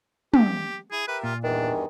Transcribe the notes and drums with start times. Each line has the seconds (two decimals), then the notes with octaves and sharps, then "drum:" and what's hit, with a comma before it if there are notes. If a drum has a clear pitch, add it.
0.34 G4, drum: tom
0.92 E4 G#4
1.08 G4 A#4 B4 E5
1.23 A#2 F4
1.44 E2 G2 D#3 E3 D4